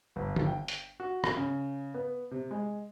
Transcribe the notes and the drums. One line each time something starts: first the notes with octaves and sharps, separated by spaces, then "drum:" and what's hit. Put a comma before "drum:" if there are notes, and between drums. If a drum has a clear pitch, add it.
G1
drum: tom
G5
drum: hi-hat
F#4
drum: rim click
C#3
B3
C3
G#3